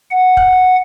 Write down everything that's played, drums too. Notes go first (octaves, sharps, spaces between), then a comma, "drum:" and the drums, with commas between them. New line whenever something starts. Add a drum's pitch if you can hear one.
F#5
drum: kick